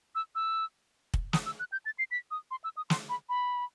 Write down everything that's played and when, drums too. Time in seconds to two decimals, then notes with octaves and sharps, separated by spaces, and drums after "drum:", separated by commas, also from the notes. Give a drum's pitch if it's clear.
0.15 E6
0.35 E6
1.14 drum: kick
1.33 D#6, drum: snare
1.46 E6
1.60 F#6
1.72 G6
1.86 A6
1.99 C7
2.11 B6
2.31 D#6
2.51 C6
2.64 E6
2.77 D#6
2.90 C6, drum: snare
3.09 B5
3.29 B5